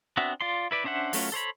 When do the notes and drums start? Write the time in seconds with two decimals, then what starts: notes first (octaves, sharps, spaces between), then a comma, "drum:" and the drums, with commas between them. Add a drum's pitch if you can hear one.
0.17 B3 C4 D4 F#4 E5
0.41 F4 D5 C6
0.71 E4 B4 D5
0.84 C#4 D4 C5 E5 F#5
1.13 F#3 A3 C#4 F4, drum: open hi-hat
1.32 A4 C5 C#5 B5